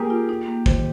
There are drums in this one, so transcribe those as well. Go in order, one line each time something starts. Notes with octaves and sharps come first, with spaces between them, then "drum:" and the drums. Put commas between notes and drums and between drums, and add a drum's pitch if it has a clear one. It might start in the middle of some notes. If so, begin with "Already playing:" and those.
Already playing: A#3 G4 G#4 A#4
F4
D#4
A#3
D#3 C5, drum: kick